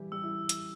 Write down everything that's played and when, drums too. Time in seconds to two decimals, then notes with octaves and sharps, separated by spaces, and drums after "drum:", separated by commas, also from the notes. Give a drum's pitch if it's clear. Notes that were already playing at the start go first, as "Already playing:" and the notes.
Already playing: E3 G3 E4 G4
0.11 G3 G4 E6
0.24 E4
0.49 drum: hi-hat